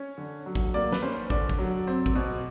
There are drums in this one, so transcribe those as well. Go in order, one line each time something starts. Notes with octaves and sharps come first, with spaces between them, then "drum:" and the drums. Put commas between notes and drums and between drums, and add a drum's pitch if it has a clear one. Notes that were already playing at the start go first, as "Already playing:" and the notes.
Already playing: C#4 C#5
D3
F#3
drum: kick
A#3 D5
B4, drum: snare
C#4 C5
D3 D5, drum: kick
drum: kick
F#3
C4
drum: kick
B2